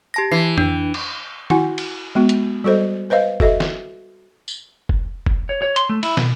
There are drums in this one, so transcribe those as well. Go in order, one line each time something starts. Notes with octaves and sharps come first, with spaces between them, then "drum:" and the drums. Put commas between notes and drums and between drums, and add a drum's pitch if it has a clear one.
G4 A5 A#6
E3 C7
D4, drum: tom F2
drum: cymbal
E4 F#4 F#5 G#5, drum: tom D#3
drum: cymbal
G#3 B3 F#4
drum: hi-hat
G3 F#4 A4 C5 D#5
B4 C5 D#5 F5
F#4 A4 D#5 E5, drum: kick
drum: snare
drum: tambourine
drum: kick
drum: kick
C#5
C#5
C6, drum: hi-hat
A3
E4, drum: cymbal
B2, drum: snare